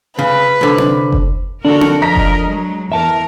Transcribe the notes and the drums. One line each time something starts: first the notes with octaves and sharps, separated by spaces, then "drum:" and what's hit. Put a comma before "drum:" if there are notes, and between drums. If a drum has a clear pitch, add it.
C#3 B4
C2 D3
drum: tom C4
drum: kick F#1
D3 D4 F#4 A4 A#4
drum: tom C4
F3 A#4 D#5 A#5 A#6 B6
drum: kick F#1
F#3 G#3
E2 E3 A#4 E5 A5